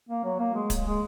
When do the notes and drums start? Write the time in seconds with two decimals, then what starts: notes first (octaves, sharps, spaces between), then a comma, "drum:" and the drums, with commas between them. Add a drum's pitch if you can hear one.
0.08 A#3
0.24 F#3
0.39 A#3
0.55 G#3
0.70 drum: kick D1, hi-hat
0.85 G#3